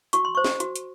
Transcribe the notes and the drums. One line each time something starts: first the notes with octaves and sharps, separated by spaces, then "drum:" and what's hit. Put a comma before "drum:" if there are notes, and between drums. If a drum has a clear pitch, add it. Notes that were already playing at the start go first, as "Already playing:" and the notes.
F#4 C#6, drum: hi-hat
C6
C5 C#6
drum: snare
F#4, drum: hi-hat
drum: hi-hat